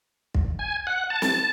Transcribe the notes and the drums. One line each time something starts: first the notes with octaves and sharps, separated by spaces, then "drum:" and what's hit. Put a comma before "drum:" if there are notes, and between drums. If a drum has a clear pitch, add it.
drum: kick
G#5
F#5
A5
drum: snare